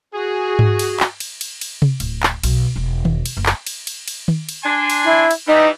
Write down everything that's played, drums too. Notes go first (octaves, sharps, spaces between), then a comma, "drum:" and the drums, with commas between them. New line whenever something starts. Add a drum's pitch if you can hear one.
F#4 G#4
drum: tom G#2
drum: cymbal
drum: clap
drum: cymbal
drum: cymbal
drum: cymbal
drum: tom C3
D1, drum: cymbal
drum: clap
B1, drum: cymbal
E1
drum: tom D#3
drum: cymbal
F#1
drum: clap
drum: cymbal
drum: cymbal
drum: cymbal
drum: tom D#3
drum: cymbal
D4 G#5 C6
drum: cymbal
E4
drum: cymbal
E3 G3 D#4